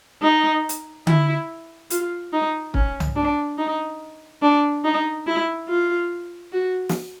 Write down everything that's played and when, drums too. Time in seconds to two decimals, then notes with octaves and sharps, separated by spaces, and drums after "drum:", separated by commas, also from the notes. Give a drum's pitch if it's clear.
0.22 D#4
0.69 drum: hi-hat
1.07 E4, drum: tom D3
1.90 F4, drum: hi-hat
2.33 D#4
2.74 C#4, drum: kick
3.00 drum: tom C2
3.16 D4
3.58 D#4
4.42 D4
4.84 D#4
5.26 E4
5.69 F4
6.52 F#4
6.89 drum: snare